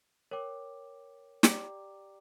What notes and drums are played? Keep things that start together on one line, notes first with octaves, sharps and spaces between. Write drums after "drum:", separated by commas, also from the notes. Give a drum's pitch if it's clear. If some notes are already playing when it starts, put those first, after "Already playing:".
A#4 C#5 G5 D6
G4 D5 G5 A#5 D6, drum: snare